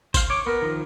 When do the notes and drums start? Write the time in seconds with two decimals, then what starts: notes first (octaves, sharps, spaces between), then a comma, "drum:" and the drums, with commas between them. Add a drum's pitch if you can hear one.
0.14 C5 F5, drum: kick G#1, tambourine
0.30 C#5 D6
0.47 B3 A#4
0.62 D#3 F3